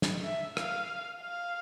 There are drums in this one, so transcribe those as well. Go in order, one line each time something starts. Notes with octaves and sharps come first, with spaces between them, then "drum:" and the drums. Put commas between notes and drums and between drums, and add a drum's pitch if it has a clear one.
drum: snare
E5
F5, drum: rim click
F5